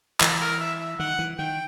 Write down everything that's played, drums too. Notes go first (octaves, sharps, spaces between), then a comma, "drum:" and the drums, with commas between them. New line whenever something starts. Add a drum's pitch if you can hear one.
E3 A4, drum: clap
A#4
E5
E5
D#3 F#5
E3
D#3 G5